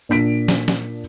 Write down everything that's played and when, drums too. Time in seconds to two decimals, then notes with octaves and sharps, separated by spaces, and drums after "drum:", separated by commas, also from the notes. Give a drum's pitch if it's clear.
0.09 A#2 D4 B6 D7
0.48 drum: snare
0.68 drum: snare